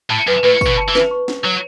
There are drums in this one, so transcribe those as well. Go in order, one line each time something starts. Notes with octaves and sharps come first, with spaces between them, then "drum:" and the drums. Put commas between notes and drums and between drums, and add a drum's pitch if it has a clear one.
A2 A5
F#2 B4
A2 B4
C#6, drum: kick, tambourine
B2
A5
E3
B4, drum: snare
C#6
F#5, drum: snare
F#3 C#5